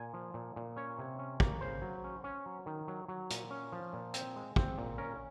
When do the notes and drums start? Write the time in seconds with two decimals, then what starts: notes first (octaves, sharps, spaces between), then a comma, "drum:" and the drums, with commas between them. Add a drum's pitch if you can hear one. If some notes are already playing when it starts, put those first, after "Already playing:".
Already playing: A#2 G#5
0.14 F3
0.34 A#2
0.56 A#2
0.76 C#4 C#5
0.99 C3
1.19 C#4
1.40 A#3, drum: kick
1.61 C#3 C5
1.82 F#3
2.04 C#4
2.24 C#4
2.46 F#3
2.66 D#3
2.88 F#3
3.08 F#3
3.30 A#2, drum: hi-hat
3.51 C#4
3.72 F3
3.93 A#2
4.14 C4, drum: hi-hat
4.36 G#3
4.56 C4, drum: kick
4.78 A#2
4.98 C#4 A#4